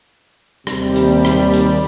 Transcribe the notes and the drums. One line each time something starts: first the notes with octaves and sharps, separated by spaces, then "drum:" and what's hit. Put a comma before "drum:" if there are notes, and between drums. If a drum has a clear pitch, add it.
D#2 C3 G3, drum: rim click
drum: hi-hat
drum: rim click
drum: hi-hat